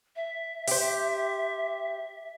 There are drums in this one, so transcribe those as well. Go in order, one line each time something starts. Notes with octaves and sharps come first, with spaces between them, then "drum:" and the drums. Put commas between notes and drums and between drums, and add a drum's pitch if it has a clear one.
E5
G4 C5, drum: open hi-hat